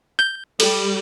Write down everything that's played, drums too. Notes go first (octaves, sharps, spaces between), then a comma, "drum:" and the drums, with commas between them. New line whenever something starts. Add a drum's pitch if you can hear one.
G6
G3 A4, drum: cymbal